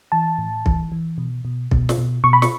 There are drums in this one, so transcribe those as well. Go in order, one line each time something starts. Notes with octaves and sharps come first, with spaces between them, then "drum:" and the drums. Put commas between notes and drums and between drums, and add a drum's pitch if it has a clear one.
E3 A5
A2
E3, drum: kick B1
E3
B2
B2
B2, drum: kick B1
drum: snare
B2
B2 C#6
B5
C#6, drum: snare